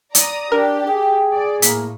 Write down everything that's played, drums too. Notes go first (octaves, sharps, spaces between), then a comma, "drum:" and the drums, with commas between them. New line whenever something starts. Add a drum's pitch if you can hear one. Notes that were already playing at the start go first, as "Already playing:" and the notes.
D5 A#5 D#6, drum: hi-hat
D4 G4 A#4
G#4 G5
D5
A2 A#3 B6, drum: hi-hat